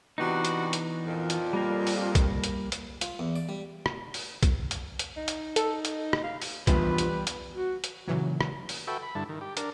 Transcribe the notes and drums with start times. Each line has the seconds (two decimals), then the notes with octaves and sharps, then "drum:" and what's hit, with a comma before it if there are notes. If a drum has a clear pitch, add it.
0.18 C3 E3 B3 D4 D#4 F#4
0.45 drum: hi-hat
0.73 drum: hi-hat
1.05 F2 A#2
1.30 drum: hi-hat
1.53 G3 A#3 A#4
1.87 drum: open hi-hat
2.15 drum: kick B1, hi-hat
2.44 drum: hi-hat
2.72 drum: hi-hat
3.01 F4, drum: hi-hat
3.19 E2
3.36 D5
3.49 G3
3.86 drum: rim click
4.14 drum: open hi-hat
4.43 drum: kick B1, hi-hat
4.71 drum: hi-hat
4.99 drum: hi-hat
5.17 D#4
5.28 drum: hi-hat
5.56 A4, drum: hi-hat
5.85 drum: hi-hat
6.13 drum: rim click
6.24 F5
6.42 drum: open hi-hat
6.67 B2 E3 F3 G3 B4, drum: kick B1, hi-hat
6.98 drum: hi-hat
7.27 drum: hi-hat
7.53 F#4
7.84 drum: hi-hat
8.07 A#2 C#3 E3 F#3
8.41 drum: rim click
8.69 drum: open hi-hat
8.87 F#4 A4 B4 E5 G5
9.03 B5
9.15 G2 D3 E4 A4
9.29 D#3
9.41 G4
9.57 D4 A#4, drum: hi-hat